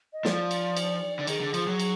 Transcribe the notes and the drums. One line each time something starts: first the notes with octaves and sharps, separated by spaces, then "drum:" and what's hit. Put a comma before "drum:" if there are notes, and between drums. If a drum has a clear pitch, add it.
D#5
F3 D5, drum: snare
drum: cymbal
drum: cymbal
D3
D#3 G#4, drum: cymbal
D3
F3, drum: cymbal
F#3
drum: cymbal